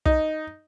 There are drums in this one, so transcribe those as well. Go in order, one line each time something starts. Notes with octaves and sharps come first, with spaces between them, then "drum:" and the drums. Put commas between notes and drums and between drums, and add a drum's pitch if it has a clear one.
D#4, drum: kick